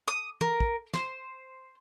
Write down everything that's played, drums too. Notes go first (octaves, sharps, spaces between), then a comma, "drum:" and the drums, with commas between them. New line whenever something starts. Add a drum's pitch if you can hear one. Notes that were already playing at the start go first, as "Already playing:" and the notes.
D#6
A#4, drum: tom
drum: kick
C5, drum: snare